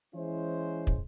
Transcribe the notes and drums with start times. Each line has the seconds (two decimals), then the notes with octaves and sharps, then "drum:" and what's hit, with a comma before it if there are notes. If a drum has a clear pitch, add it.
0.15 E3 G#3 C#4 E4 C5
0.87 drum: kick